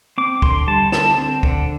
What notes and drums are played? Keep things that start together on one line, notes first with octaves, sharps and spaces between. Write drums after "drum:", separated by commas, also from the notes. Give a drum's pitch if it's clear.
C4 D6
D3 C6, drum: kick
G3 A5
D3 A5, drum: snare
C4
D3, drum: kick